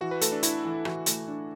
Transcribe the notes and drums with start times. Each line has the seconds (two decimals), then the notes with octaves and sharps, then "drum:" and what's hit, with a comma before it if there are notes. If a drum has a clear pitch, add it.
0.01 E3 F#4
0.11 B4
0.21 A3 A4, drum: hi-hat
0.32 D4
0.43 D4 E4, drum: hi-hat
0.64 E3
0.85 E3 F#4, drum: rim click
1.06 A3, drum: hi-hat
1.28 D4